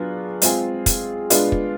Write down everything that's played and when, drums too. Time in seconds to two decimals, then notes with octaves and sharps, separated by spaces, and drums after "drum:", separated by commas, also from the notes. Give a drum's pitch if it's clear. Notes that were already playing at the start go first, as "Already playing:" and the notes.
Already playing: F#3 B3 D4 F4 G#4
0.42 G#3 C4 F4 G#4, drum: hi-hat
0.86 drum: kick, hi-hat
1.30 G#3 B3 D4 F4, drum: hi-hat
1.52 drum: kick